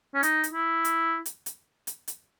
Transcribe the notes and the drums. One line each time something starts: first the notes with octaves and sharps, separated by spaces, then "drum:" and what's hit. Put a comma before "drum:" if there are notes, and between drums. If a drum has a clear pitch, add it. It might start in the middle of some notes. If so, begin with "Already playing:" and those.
C#4
D#4, drum: hi-hat
drum: hi-hat
E4
drum: hi-hat
drum: hi-hat
drum: hi-hat
drum: hi-hat
drum: hi-hat